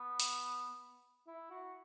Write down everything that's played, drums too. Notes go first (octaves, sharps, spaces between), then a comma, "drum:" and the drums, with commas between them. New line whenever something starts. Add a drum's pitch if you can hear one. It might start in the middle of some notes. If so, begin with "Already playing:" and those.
Already playing: B3
drum: open hi-hat
E4
F#4